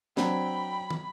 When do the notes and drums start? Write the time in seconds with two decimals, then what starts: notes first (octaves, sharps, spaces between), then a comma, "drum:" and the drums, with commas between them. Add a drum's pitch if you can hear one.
0.17 F#3 C4 D4 G5 B5, drum: snare
0.90 drum: tom